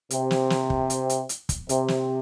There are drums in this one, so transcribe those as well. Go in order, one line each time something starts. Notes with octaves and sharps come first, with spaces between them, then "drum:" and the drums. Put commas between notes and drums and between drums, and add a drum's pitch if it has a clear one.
C3, drum: hi-hat
drum: snare
drum: snare
drum: kick
drum: hi-hat
drum: hi-hat
drum: hi-hat
drum: kick, hi-hat
C3, drum: hi-hat
drum: snare